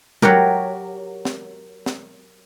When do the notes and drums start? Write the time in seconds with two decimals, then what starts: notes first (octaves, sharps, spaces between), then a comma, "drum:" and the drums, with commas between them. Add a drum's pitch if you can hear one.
0.22 F#3 F#4 G4 A#4, drum: tom F#3
1.25 drum: snare
1.86 drum: snare